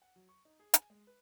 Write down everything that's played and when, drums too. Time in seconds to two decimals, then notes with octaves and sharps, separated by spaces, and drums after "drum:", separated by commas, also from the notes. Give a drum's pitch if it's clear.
0.02 F#5
0.16 F#3
0.29 C#6
0.45 D#4
0.60 G#4
0.74 G#5, drum: hi-hat
0.90 G#3
1.07 B4